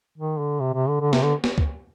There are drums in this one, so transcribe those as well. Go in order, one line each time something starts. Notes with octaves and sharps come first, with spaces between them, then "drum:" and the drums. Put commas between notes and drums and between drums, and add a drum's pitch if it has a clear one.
D#3
D3
C3
C3
D3
D3
C3, drum: snare
D3
drum: snare
drum: kick C#2